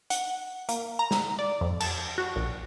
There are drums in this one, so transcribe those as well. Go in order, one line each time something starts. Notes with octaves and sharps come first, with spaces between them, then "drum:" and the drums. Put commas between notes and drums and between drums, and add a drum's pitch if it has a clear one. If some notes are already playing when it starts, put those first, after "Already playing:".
F#5, drum: hi-hat
A#3, drum: hi-hat
A#5
drum: snare
D5
F2
A5, drum: cymbal
F#4
A#1